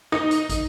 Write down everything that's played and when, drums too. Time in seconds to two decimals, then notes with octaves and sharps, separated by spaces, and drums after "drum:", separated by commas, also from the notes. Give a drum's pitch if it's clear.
0.12 D#4, drum: rim click
0.31 drum: hi-hat
0.49 drum: kick, hi-hat